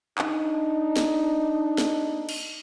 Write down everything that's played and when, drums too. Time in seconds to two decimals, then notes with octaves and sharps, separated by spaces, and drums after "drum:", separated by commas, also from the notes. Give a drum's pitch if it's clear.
0.18 D4 D#4, drum: clap
0.97 drum: snare
1.78 drum: snare
2.29 drum: cymbal